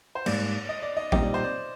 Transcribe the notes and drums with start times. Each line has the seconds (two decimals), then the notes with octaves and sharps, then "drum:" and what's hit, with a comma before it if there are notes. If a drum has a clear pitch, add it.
0.15 C5
0.26 G#2 G3 A#3 D5, drum: cymbal
0.69 D#5
0.82 D5
0.97 D#5
1.12 A#2 G3 C4 D#4 G4 D#5, drum: kick A1
1.23 D5
1.34 C5
1.44 D5